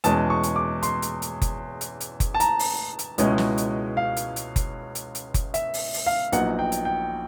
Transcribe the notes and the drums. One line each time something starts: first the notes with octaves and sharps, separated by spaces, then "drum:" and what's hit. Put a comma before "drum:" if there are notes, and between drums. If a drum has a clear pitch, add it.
E2 B2 G#3 C#4 A5, drum: hi-hat
C#6
drum: hi-hat
D6
C6, drum: hi-hat
drum: hi-hat
drum: hi-hat
drum: kick F#1, hi-hat
drum: hi-hat
drum: hi-hat
drum: kick F#1, hi-hat
A5
A#5, drum: hi-hat
drum: open hi-hat
drum: hi-hat
C#2 B2 G#3 C#4 E4, drum: hi-hat
drum: snare
drum: hi-hat
F5
drum: hi-hat
drum: hi-hat
drum: kick F#1, hi-hat
drum: hi-hat
drum: hi-hat
drum: kick F#1, hi-hat
E5, drum: hi-hat
drum: open hi-hat
drum: open hi-hat
F5
A#1 A#2 F#3 B3 D#4 F#5, drum: hi-hat
G5
drum: hi-hat
G5